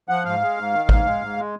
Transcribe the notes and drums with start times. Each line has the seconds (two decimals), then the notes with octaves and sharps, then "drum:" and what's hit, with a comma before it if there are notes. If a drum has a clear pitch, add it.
0.09 F3 F#5
0.25 G#2 F5
0.41 G#3
0.57 G#2
0.73 D#3
0.89 G#2, drum: kick G#1
1.05 G#3
1.22 G#2
1.37 G#3